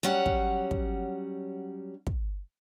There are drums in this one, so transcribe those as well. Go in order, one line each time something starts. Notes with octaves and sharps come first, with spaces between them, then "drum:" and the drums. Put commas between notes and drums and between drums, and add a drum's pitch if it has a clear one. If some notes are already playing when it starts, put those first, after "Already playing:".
F#3 G3 C#4 F#5
drum: kick
drum: kick
drum: kick